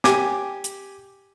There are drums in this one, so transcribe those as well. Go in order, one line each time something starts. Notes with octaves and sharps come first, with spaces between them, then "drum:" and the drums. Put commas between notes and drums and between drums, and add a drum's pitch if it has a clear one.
G4 G#5 D6, drum: snare
drum: hi-hat